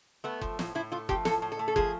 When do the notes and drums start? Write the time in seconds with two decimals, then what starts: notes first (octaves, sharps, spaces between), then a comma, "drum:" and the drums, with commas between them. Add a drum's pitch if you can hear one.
0.24 A3 B3
0.41 F3, drum: kick F#1
0.59 A2, drum: snare
0.75 A2 E4
0.92 A3 F4
1.09 F3 G4, drum: kick F#1
1.25 A2 A4, drum: snare
1.42 A2
1.52 A4
1.59 A3
1.68 A4
1.76 F3 G#4, drum: kick F#1